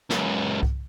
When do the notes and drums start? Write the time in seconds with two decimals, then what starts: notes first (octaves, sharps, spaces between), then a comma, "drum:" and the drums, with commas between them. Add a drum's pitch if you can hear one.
0.10 C#2 F#2, drum: snare
0.63 drum: kick C2